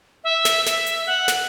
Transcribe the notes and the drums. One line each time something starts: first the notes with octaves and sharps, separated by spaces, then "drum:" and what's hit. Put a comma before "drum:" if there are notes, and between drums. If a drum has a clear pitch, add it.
E5
drum: snare
E5, drum: snare
drum: hi-hat
F#5
drum: snare